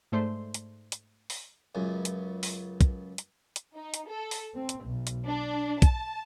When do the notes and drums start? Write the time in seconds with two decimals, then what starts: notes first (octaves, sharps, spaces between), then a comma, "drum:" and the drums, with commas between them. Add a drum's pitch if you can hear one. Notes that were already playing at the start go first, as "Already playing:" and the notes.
0.12 G#2 A3 C5 D5 C6
0.54 drum: hi-hat
0.92 drum: hi-hat
1.30 drum: open hi-hat
1.75 C#2 F#2
2.05 drum: hi-hat
2.43 drum: open hi-hat
2.81 drum: kick, hi-hat
3.18 drum: hi-hat
3.56 drum: hi-hat
3.75 D#4
3.94 drum: hi-hat
4.09 A4
4.31 drum: open hi-hat
4.55 C4
4.69 drum: hi-hat
4.86 B1
5.07 drum: hi-hat
5.27 D4
5.82 A5, drum: kick, hi-hat